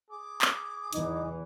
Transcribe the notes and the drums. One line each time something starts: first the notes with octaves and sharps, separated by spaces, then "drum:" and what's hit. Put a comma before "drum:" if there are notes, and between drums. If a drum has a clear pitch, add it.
G#4 D6
drum: clap
E2 E3 D#4, drum: hi-hat